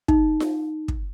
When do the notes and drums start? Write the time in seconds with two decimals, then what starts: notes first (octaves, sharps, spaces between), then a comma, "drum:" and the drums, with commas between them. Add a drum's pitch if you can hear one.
0.08 D#4, drum: kick
0.40 drum: snare F4
0.88 drum: kick